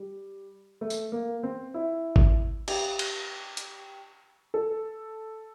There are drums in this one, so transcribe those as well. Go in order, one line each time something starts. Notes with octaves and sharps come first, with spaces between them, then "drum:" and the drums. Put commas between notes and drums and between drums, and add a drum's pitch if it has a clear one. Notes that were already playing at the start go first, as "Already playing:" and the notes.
Already playing: G3
A3
drum: tambourine
A#3
C4
E4
drum: kick G#1
G4, drum: cymbal
drum: cymbal
drum: hi-hat
A4